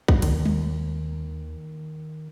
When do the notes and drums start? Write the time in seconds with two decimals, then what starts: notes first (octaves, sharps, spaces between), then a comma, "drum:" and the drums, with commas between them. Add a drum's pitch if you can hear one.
0.08 drum: kick B1
0.22 D#2 D#3, drum: cymbal
0.45 drum: tom G3